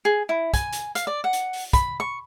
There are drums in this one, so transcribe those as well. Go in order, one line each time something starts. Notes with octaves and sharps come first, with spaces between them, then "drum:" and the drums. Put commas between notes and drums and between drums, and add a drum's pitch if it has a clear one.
G#4
E4
G#5, drum: kick, hi-hat
drum: hi-hat
F5, drum: hi-hat
D5
F#5
drum: hi-hat
drum: open hi-hat
B5, drum: kick, hi-hat
C#6